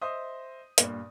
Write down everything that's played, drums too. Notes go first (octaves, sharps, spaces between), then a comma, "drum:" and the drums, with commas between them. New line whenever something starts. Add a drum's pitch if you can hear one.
C5 D#5 E5 C6 D#6
G2 A#2, drum: hi-hat